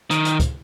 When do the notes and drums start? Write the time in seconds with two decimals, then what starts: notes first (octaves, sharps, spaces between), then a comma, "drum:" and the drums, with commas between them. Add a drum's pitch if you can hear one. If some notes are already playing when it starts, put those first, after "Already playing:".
0.11 D#3, drum: hi-hat
0.25 drum: hi-hat
0.40 drum: kick, hi-hat